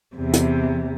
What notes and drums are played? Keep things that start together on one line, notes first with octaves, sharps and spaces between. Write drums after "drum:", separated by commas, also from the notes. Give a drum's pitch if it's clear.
E2 C3
drum: hi-hat